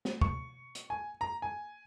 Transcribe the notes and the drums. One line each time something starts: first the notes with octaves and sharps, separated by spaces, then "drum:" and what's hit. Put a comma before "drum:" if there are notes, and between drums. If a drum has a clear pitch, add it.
drum: snare
C#6, drum: kick
drum: hi-hat
G#5
A#5
G#5